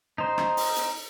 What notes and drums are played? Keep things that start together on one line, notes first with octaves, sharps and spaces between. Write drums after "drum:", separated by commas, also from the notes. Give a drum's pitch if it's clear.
D#4 C5
drum: rim click
drum: open hi-hat
drum: hi-hat